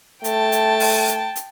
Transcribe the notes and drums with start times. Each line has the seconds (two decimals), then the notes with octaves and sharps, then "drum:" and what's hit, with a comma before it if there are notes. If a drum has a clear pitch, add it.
0.24 A3 G5 A5, drum: hi-hat
0.52 drum: hi-hat
0.80 drum: open hi-hat
1.08 drum: hi-hat
1.36 drum: hi-hat